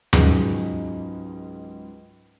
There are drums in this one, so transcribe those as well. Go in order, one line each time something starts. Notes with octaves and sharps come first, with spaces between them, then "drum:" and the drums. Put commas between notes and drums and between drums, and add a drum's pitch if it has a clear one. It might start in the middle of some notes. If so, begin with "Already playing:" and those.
C#2 G#2 F#3 G#3, drum: tom D#2